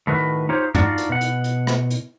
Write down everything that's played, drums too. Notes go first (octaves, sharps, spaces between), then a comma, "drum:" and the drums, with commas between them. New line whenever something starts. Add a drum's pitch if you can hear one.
A2 D#3 F#4 B4
D#4 F4 G4 C5 C#5
D4 D#4 F4 F#4 D5 F#5, drum: tom
drum: hi-hat
B2 F#5
drum: hi-hat
drum: hi-hat
drum: rim click
drum: hi-hat